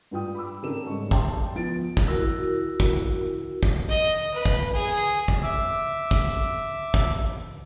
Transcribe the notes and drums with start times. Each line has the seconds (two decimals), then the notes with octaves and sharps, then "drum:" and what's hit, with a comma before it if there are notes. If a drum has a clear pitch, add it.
0.11 G2 F4 G5 D#6
0.35 B5 D6 E6
0.62 C#3 C4 D4 A4 A#4 E7
0.85 G#2 G3 C#4 C#6
1.11 G5 A5 C6, drum: kick
1.56 F3 B3 A6 D7
1.97 drum: kick
2.08 E4 F#4 A#4
2.80 drum: kick
3.63 drum: kick
3.89 D#5
4.34 B4
4.45 drum: kick
4.74 G#4
5.28 drum: kick
5.43 E5 D6 E6
6.11 drum: kick
6.94 drum: kick